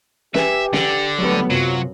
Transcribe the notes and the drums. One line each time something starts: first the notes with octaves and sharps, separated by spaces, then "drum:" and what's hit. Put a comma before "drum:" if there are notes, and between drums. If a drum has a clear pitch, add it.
G4 B4 E5 G#5, drum: snare
D3, drum: snare
F#3 G3 A3 B3
F#2 C3 F#3 F4